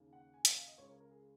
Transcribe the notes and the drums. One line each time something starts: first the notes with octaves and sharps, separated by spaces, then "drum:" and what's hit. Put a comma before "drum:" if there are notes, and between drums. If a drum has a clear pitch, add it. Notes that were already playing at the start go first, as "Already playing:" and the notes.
Already playing: D#2 C#3
F#5
G#5
F#5, drum: hi-hat
F5
D#5
C#2 C#3 C#5
A#4
A#4
G#4